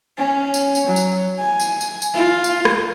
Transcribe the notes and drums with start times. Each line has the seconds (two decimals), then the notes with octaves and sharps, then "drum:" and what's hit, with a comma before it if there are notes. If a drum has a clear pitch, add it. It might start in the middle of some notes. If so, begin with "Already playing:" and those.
0.17 C#4
0.54 drum: tambourine
0.75 drum: tambourine
0.87 F#3
0.96 drum: tambourine
1.38 G#5
1.60 drum: tambourine
1.81 drum: tambourine
2.02 drum: tambourine
2.14 F4
2.44 drum: tambourine
2.65 drum: rim click